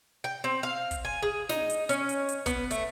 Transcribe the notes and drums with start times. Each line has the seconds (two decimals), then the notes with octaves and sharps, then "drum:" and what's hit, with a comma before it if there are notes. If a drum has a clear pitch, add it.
0.24 G5
0.44 C4
0.63 F5
0.91 drum: kick, hi-hat
1.05 G#5
1.22 G#4
1.49 D#4, drum: snare
1.70 drum: hi-hat
1.89 C#4, drum: hi-hat
2.09 drum: hi-hat
2.29 drum: hi-hat
2.46 B3, drum: kick, hi-hat
2.71 A3, drum: hi-hat